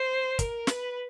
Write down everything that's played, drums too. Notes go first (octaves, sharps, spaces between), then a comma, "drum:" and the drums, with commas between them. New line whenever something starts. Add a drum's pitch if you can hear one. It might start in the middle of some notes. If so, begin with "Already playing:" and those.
Already playing: C5
A#4, drum: kick, hi-hat
B4, drum: snare